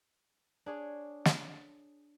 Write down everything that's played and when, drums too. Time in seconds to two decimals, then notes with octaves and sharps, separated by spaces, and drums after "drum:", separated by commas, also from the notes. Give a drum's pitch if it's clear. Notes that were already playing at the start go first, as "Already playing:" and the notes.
0.66 D4 G#4 C#5
1.25 drum: snare